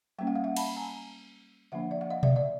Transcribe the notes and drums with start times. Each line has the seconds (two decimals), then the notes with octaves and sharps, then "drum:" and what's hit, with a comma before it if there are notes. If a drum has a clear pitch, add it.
0.19 G3 A#3 C#4 G5
0.27 F#5
0.35 F5
0.44 E5 F#5
0.57 A5 B5, drum: cymbal
0.76 G#5 A#5
1.72 D3 F3 A#3 D4 E5 F#5
1.91 D5 E5
2.01 F#5
2.10 D#5 F5
2.23 D5 E5, drum: tom B2
2.36 D5 E5